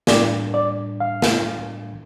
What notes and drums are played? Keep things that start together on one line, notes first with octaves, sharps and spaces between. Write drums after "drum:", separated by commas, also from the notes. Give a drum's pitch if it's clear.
A2 G3 D4 D5, drum: snare
D5
F5
drum: snare